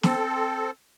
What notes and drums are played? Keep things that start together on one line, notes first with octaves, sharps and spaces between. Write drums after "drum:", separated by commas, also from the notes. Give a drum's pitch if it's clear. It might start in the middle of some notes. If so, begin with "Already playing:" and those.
C4 A4, drum: snare